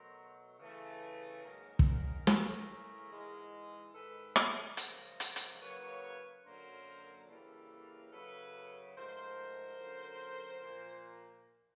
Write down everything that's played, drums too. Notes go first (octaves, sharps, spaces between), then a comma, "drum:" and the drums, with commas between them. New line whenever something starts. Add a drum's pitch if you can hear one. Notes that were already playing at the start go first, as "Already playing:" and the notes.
Already playing: B2 F#3 A3 A#4 C5
C#3 E3 A3
G#2 D#3 F#3 A#3 G#4 A#4
drum: kick
C#3 E3 A3, drum: snare
G#2 E3 G#3
G#2 D#3 G#3 A4 B4
A#4 C5, drum: rim click
F#2 C#3 F3 G#3 A#4 C5, drum: hi-hat
drum: hi-hat
drum: hi-hat
C#3 F#3 A#3 B4 C#5
F#2 D3 F#3 A#3 A#4 C5
C#3 E3 G3 A#3 A4 B4
F#2 C#3 F#3 A4 B4
G#2 F3 A3 A#4 C5
F#2 D3 F#3 A#3
A#2 F3 A#3